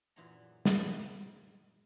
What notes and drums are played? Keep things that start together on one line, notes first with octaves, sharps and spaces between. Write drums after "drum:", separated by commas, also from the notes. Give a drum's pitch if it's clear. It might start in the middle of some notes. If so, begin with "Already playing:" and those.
F#2 A#2 E3 F#3 G#4 A#5
drum: snare